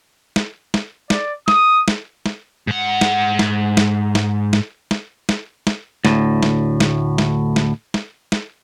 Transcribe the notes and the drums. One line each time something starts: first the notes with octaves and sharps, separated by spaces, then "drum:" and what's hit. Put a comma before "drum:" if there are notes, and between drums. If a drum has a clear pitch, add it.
drum: snare
drum: snare
D5, drum: snare
D#6, drum: snare
drum: snare
drum: snare
G#2 F#5
drum: snare
drum: snare
drum: snare
drum: snare
drum: snare
drum: snare
drum: snare
drum: snare
D2 A2, drum: snare
drum: snare
drum: snare
drum: snare
drum: snare
drum: snare
drum: snare